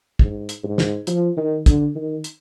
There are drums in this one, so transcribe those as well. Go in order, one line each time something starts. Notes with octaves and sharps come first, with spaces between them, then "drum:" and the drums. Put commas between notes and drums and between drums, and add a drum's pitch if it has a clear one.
G#2, drum: kick
drum: hi-hat
G#2
drum: snare
F3, drum: hi-hat
D#3
D3, drum: kick, hi-hat
D#3
drum: hi-hat